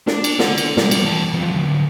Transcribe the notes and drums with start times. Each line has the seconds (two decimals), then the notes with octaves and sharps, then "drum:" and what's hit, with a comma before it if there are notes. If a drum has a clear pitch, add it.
0.07 D4 D5, drum: snare
0.24 drum: cymbal
0.39 A4 F#5, drum: snare
0.58 drum: cymbal
0.77 B2 G3, drum: snare
0.91 drum: cymbal
1.01 E2 A5
1.33 E2 F3
1.51 D3 F#3